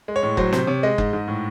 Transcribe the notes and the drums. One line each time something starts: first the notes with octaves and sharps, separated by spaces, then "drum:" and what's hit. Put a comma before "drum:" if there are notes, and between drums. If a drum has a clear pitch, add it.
G#3
C#5
A2
F#3 C5, drum: kick F#1
C3 C5, drum: snare
C3 C#5
G#3 D#5
G#2, drum: kick F#1
G#2
A2